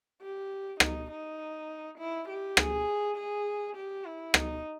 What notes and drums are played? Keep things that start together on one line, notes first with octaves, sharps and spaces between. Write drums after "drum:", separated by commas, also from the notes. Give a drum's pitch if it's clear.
G4
D#4, drum: rim click
D#4
E4
G4
G#4, drum: rim click
G#4
G4
E4
D#4, drum: rim click